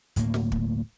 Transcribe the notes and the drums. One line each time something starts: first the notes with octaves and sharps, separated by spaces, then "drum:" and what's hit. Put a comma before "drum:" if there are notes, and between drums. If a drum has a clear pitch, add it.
D1 A2 A#3, drum: hi-hat
drum: snare
drum: kick